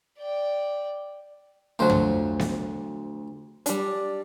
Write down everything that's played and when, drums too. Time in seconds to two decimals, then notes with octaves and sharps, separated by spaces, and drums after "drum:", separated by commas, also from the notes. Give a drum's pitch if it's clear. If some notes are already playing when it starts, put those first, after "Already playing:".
0.19 D5 G5
1.79 D2 F3 F#3 C5
1.90 drum: tom
2.39 drum: snare B3
3.66 G3 D4, drum: hi-hat